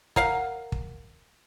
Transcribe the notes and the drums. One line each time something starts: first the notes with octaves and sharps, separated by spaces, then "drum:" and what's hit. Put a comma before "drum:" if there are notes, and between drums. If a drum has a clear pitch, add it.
A#4 F5 F#5, drum: kick
drum: kick